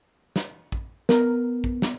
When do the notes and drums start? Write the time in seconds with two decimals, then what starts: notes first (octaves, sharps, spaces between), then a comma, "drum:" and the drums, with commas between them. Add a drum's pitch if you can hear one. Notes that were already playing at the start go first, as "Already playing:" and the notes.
0.36 drum: snare
0.72 drum: kick
1.09 B3 A#4, drum: snare
1.64 drum: kick
1.82 drum: snare